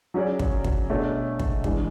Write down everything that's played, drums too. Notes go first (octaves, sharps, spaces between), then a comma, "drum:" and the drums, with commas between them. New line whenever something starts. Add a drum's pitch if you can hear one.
F#3 C#4 G#4 D5
drum: kick
drum: kick
B2 A3 D4 G#4 C#5
drum: kick
E3 G#3 D4 G#4, drum: kick